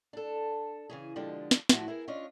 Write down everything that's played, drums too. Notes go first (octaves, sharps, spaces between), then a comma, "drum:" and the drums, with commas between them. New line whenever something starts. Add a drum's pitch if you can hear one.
D4 A4
C#3 E3 G#4
B2 D3 F3 G#3 D4 G4
drum: snare
E2 A2 F3 E4 F#4, drum: snare
B3 E4 G#4 A#4
C#4 D4 F4 D#5